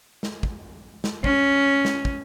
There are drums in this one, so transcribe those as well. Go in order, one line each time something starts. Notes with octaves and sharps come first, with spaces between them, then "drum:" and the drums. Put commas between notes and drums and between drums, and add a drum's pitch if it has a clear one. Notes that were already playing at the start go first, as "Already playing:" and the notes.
drum: snare
drum: kick
drum: snare
C#4, drum: kick
drum: snare
drum: kick